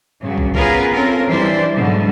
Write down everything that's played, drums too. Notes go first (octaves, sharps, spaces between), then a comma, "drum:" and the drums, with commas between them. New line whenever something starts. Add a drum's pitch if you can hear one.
G2 C#3 F#3
drum: kick
B3 C#4 F4 G#4 A#4 B4, drum: kick
C4 C#4 F4 A4 A#4
E3 G3 D4 E4 C5 D5
G#2 B2 D3 F#3